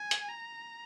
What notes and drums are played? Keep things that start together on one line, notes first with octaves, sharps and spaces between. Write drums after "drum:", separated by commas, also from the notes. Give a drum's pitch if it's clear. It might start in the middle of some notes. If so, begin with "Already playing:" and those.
Already playing: G#5
drum: hi-hat
A#5